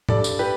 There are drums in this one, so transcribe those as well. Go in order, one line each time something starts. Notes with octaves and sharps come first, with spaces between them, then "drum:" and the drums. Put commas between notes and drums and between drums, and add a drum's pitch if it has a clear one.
G2 A4 D5, drum: tom A2
drum: tambourine
G4 B4